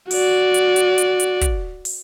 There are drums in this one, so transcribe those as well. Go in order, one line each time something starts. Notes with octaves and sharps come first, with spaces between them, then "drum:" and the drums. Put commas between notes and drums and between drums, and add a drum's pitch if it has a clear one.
F#4 D5, drum: open hi-hat
drum: hi-hat
drum: hi-hat
drum: hi-hat
drum: hi-hat
drum: kick, hi-hat
drum: open hi-hat